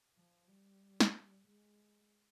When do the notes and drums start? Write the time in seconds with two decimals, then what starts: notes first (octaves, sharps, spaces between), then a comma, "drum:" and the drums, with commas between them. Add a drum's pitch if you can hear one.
0.15 F3
0.47 G3
1.00 drum: snare
1.45 G#3